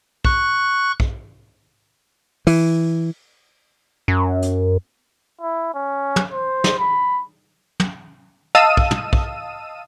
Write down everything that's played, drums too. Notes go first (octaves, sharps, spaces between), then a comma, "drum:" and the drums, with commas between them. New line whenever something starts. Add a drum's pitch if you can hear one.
C#6 F#6, drum: kick
drum: kick
E3, drum: open hi-hat
F#2
drum: hi-hat
E4
C#4
drum: tom
C5
drum: snare
B5
drum: tom
D#5 F5 A5 D#6 E6 D#7
drum: kick
drum: tom
drum: kick